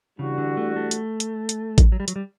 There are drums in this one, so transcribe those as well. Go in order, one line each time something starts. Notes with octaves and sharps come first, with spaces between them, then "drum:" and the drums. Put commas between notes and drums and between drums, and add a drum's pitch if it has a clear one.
C#3 E3 G3 D4 F#4
D3
A3
A3
drum: hi-hat
drum: hi-hat
drum: hi-hat
drum: kick A1, hi-hat
F#3
G3
F#3, drum: hi-hat
G3